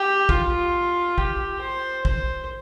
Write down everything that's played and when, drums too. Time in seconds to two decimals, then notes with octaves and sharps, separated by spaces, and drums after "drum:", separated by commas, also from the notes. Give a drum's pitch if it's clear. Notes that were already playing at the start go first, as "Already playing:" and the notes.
Already playing: G4
0.29 F4, drum: kick
1.18 G4, drum: kick
1.61 C5
2.05 C5, drum: kick